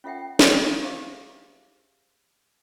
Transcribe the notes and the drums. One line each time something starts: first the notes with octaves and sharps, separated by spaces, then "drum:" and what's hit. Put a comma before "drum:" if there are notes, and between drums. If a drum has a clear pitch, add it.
C#4 F4 A4 E5 F#5 G5
drum: snare
G4 G#4 C5 E5 F5